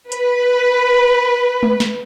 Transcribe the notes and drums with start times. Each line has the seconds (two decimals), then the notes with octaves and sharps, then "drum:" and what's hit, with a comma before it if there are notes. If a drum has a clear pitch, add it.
0.12 B4, drum: hi-hat
1.63 drum: tom G#3
1.80 drum: snare